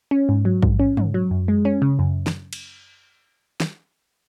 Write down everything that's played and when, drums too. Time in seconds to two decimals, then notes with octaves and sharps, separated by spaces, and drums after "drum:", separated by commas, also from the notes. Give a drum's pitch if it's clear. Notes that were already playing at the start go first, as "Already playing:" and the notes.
0.11 C#4
0.29 G#2
0.45 F#3
0.63 G#2, drum: kick
0.80 C#4
0.97 G#2, drum: tom
1.14 F#3
1.31 F#2
1.48 G#3
1.65 C#4
1.82 C#3
1.99 F#2
2.27 drum: snare
2.53 drum: cymbal
3.60 drum: snare